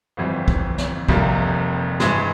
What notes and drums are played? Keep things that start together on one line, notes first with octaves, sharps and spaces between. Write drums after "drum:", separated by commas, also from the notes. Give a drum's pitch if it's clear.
G1 F2 E3 G3 C4
drum: kick
drum: snare
F1 F2 C3 G3 A#3, drum: kick
G2 E3 G#3, drum: snare